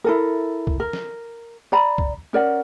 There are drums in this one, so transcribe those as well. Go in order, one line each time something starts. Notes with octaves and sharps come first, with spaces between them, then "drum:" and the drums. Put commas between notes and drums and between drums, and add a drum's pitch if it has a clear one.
E4 A4 A#4
drum: kick
A#4
drum: snare
D5 A#5 B5
drum: kick
C#4 A#4 D5 F#5